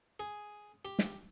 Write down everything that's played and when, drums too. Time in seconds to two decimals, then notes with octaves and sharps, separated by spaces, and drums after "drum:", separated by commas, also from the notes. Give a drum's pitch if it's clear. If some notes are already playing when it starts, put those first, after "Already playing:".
0.20 G#4
0.85 G4
0.99 drum: snare